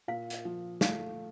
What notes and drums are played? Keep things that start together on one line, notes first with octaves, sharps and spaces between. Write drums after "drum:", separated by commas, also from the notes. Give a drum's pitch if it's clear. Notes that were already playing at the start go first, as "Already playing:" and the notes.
A#2 F5
drum: hi-hat
F3
A3 F5, drum: snare